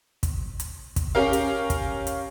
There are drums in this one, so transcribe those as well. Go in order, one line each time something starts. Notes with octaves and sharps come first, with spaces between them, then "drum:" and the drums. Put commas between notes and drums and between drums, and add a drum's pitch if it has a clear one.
drum: kick, hi-hat
drum: hi-hat
drum: kick, hi-hat
C#4 G4 A#4 F5
drum: hi-hat
drum: kick, hi-hat
drum: hi-hat